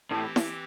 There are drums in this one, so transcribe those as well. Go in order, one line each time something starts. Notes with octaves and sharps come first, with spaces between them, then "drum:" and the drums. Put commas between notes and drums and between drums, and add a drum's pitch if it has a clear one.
A2 E3 C4 G4
drum: snare E4